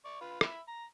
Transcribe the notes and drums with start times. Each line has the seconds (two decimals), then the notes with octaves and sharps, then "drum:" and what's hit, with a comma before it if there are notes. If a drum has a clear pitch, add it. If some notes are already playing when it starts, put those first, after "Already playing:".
0.05 D5 C#6
0.21 F4 B4
0.41 E5 B5, drum: rim click
0.68 A#5